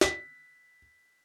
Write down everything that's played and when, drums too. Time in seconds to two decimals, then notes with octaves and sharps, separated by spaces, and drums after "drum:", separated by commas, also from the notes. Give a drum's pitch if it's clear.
0.01 B6, drum: snare